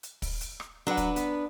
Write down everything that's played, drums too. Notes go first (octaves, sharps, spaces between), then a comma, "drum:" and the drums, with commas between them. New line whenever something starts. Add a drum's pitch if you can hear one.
drum: hi-hat
drum: kick, open hi-hat
drum: hi-hat
drum: rim click
F#3 D4 B4 F#5
drum: kick, hi-hat
B3, drum: hi-hat